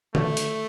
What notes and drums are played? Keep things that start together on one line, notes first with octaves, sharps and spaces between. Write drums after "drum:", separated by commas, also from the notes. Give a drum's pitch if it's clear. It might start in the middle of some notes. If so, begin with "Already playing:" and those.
A3, drum: tom
drum: hi-hat